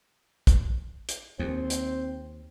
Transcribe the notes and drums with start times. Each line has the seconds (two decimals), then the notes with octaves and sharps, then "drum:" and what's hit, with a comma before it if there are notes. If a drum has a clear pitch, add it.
0.47 drum: kick, hi-hat
1.09 drum: hi-hat
1.39 D#2 C4
1.70 drum: hi-hat